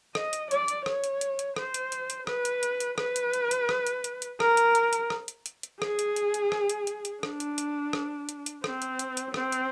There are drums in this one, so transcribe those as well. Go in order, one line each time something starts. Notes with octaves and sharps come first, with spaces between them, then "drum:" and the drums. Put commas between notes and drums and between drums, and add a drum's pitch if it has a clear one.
D#5, drum: rim click
drum: hi-hat
D5, drum: hi-hat
drum: hi-hat
C#5, drum: rim click
drum: hi-hat
drum: hi-hat
drum: hi-hat
C5, drum: rim click
drum: hi-hat
drum: hi-hat
drum: hi-hat
B4, drum: rim click
drum: hi-hat
drum: hi-hat
drum: hi-hat
B4, drum: rim click
drum: hi-hat
drum: hi-hat
drum: hi-hat
drum: rim click
drum: hi-hat
drum: hi-hat
drum: hi-hat
A#4, drum: rim click
drum: hi-hat
drum: hi-hat
drum: hi-hat
drum: rim click
drum: hi-hat
drum: hi-hat
drum: hi-hat
G#4, drum: rim click
drum: hi-hat
drum: hi-hat
drum: hi-hat
drum: rim click
drum: hi-hat
drum: hi-hat
drum: hi-hat
D4, drum: rim click
drum: hi-hat
drum: hi-hat
drum: rim click
drum: hi-hat
drum: hi-hat
C4, drum: rim click
drum: hi-hat
drum: hi-hat
drum: hi-hat
C4, drum: rim click
drum: hi-hat